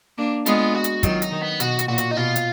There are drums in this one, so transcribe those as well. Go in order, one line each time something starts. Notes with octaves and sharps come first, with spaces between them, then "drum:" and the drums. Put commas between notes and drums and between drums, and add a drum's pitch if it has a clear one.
A#3 D4
G#3 B3 F4, drum: hi-hat
F#4
drum: hi-hat
D#3 F#3 F4, drum: kick, hi-hat
D#4, drum: hi-hat
D#3
B3
B2 F#4, drum: hi-hat
drum: hi-hat
A#2 F#4
drum: hi-hat
D#4
B2 F4
drum: hi-hat